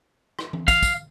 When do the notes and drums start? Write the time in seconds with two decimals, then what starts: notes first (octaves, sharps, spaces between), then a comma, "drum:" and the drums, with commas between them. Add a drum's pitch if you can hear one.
0.39 drum: rim click
0.53 drum: tom E3
0.68 F5, drum: kick, tambourine
0.83 drum: kick, tambourine